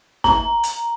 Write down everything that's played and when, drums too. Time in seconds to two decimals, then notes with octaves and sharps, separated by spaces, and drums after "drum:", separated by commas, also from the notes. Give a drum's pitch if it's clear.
0.24 A#5, drum: snare
0.63 drum: hi-hat